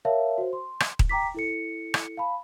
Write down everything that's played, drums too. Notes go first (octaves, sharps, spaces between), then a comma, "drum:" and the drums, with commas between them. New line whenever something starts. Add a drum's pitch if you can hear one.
A#4 C#5 E5 F5 A5
F#4 C5
C6
drum: rim click
drum: kick D#1
G5 A#5 D6 B6
E4 A4 C#7
drum: rim click
F5 A5 B5